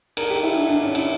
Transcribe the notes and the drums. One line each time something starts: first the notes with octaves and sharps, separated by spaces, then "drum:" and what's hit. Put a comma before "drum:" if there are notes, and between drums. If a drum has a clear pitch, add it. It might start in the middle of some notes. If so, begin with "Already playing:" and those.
A#4, drum: cymbal
G4
E4
D4
D4
C#4
E4, drum: cymbal